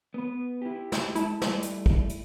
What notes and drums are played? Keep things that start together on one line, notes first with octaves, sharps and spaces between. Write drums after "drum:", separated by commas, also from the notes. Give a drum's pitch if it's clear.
B3 B4
E4 G4
drum: snare
G#3 E4 A5, drum: hi-hat
G3 A3, drum: snare
drum: hi-hat
drum: kick
drum: hi-hat